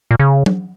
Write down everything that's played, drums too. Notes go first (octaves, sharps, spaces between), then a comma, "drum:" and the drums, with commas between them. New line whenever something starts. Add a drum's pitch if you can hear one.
A#2
C#3
drum: tom F#3